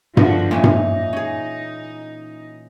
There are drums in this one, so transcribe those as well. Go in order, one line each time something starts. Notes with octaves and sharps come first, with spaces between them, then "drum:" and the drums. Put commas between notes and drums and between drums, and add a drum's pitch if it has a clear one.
D3 F3 F#4 B4, drum: tom G2
A#2 E3 C#4 D#4
drum: tom G2
C#4 G#4